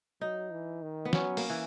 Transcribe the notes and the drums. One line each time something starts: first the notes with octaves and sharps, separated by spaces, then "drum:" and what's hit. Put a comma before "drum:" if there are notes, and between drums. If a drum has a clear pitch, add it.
F#3 D#4
E3
D#3
B3
F#3 C#4, drum: snare
A#3, drum: open hi-hat
E3